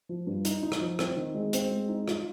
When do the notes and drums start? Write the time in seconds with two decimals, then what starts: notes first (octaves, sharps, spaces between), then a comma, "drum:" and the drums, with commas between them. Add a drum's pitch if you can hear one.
0.09 F3
0.27 G2
0.45 D#4, drum: hi-hat
0.63 D#4
0.72 drum: rim click
0.81 F3
0.99 C4, drum: rim click
1.17 D#3
1.35 G#3
1.53 C4, drum: hi-hat
1.71 G#3
1.89 D#4
2.08 F4, drum: rim click